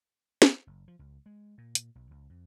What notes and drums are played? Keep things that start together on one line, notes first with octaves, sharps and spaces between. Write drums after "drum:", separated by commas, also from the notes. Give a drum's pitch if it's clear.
drum: snare
F#1
F3
C#2
G#3
A#2
drum: hi-hat
B1
C#2
F2